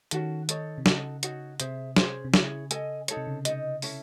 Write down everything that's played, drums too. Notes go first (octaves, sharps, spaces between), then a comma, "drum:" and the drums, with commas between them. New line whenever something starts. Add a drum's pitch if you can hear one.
D#3 C#4 F#4 A4, drum: hi-hat
D#4 A4 C#5, drum: hi-hat
C3
C#3 D#4 F#4 A4, drum: snare
D#4 F#4 A4 C#5, drum: hi-hat
C3 G#4 C5 E5, drum: hi-hat
C#4 G#4 C5, drum: snare
C3
C#3 E4 G#4 C#5, drum: snare
A4 D#5 G#5, drum: hi-hat
D#4 A4 C#5, drum: hi-hat
C3
C#3
D#4 A4 D#5, drum: hi-hat
C#4 E4 A4, drum: open hi-hat